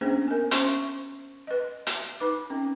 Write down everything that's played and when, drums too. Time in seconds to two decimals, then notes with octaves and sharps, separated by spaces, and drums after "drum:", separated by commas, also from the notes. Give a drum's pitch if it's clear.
0.01 A#3 B3 C#4 D4 G#4 C5
0.28 A#4 G#5
0.51 C#4 C5 E5 C6 C#6, drum: hi-hat
1.47 B4 D#5
1.87 drum: hi-hat
2.20 D#4 B4 D6
2.50 C4 C#4